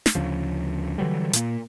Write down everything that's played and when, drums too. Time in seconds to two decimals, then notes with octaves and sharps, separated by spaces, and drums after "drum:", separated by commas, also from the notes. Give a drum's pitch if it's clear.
0.06 drum: snare
0.15 D2 C#3 F3
0.98 D3 E3 F#3 G3
1.33 A#2 A#3, drum: hi-hat